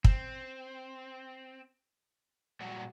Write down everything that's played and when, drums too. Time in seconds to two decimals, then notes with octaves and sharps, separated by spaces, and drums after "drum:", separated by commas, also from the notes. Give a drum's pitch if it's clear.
0.04 C4, drum: kick
2.60 A#2 F#3 G3 F#4